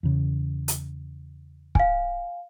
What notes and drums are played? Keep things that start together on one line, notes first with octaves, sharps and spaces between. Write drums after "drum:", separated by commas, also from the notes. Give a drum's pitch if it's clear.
E2 C#3
drum: hi-hat
F5 G#5, drum: kick